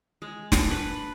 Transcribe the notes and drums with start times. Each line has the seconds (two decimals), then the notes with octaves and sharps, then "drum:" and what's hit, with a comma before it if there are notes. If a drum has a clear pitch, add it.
0.22 G#3
0.52 D4, drum: snare
0.71 B4